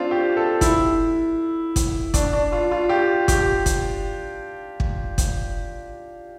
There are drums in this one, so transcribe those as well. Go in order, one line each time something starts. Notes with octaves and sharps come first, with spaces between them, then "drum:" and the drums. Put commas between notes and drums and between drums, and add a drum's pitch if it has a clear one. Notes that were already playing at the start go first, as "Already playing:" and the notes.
Already playing: C4 D4 F4
G4
A4
E4, drum: kick, hi-hat
drum: kick, hi-hat
D4, drum: kick, hi-hat
D4
F4
F4
G4
G4, drum: kick, hi-hat
drum: kick, hi-hat
drum: kick
drum: kick, hi-hat